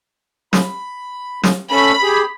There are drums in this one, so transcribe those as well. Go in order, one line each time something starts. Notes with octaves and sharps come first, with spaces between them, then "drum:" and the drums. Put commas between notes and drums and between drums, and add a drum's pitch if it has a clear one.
B5, drum: snare
drum: snare
A3 C#4 A4 B5
G4 G#4